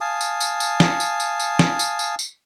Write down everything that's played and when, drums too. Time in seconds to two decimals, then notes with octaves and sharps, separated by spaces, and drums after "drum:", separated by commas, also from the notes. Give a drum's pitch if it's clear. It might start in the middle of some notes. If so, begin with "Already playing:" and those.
0.01 F5 G#5 A5 D#6
0.21 drum: tambourine
0.40 drum: tambourine
0.60 drum: tambourine
0.80 drum: snare
1.00 drum: tambourine
1.20 drum: tambourine
1.40 drum: tambourine
1.59 drum: snare
1.79 drum: tambourine
1.99 drum: tambourine
2.19 drum: tambourine